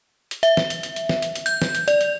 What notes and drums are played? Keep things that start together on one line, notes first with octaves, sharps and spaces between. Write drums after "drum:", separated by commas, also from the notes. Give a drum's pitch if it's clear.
drum: hi-hat
E5, drum: hi-hat
drum: snare
drum: hi-hat
drum: hi-hat
drum: hi-hat
drum: snare
drum: hi-hat
drum: hi-hat
G6, drum: hi-hat
drum: snare
drum: hi-hat
D5, drum: hi-hat
drum: hi-hat